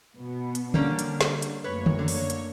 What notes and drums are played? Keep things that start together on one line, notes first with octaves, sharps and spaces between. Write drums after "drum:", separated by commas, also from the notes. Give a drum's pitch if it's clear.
B2 B3
drum: hi-hat
D3 G3 A#3 C#4 D4, drum: tom D3
drum: hi-hat
drum: snare
drum: hi-hat
F#2 A3 A#3 B4 C#5
drum: tom D3
D3
drum: open hi-hat
drum: hi-hat